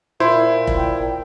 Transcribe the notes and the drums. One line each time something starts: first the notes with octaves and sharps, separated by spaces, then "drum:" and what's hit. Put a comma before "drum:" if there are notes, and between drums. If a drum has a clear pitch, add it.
A#2 E4 C5
drum: kick F1
G5